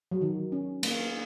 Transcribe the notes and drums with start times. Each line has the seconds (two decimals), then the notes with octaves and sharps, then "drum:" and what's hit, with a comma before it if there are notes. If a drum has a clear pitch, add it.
0.12 F#3
0.21 D#3
0.52 C#4
0.83 A#3, drum: cymbal